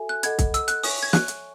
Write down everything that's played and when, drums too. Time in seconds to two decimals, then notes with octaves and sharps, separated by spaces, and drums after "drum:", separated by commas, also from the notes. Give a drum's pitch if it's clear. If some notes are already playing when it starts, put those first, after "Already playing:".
Already playing: F#4 A4 E5 G#5
0.09 F#6
0.23 A4 D#5 F#5 B5 G#6, drum: hi-hat
0.39 drum: kick C2, hi-hat
0.54 E6, drum: hi-hat
0.68 F#6, drum: hi-hat
0.83 C#5 E5 G#5 C#6 D#6, drum: open hi-hat
1.03 G#6
1.13 F#6, drum: snare
1.28 drum: hi-hat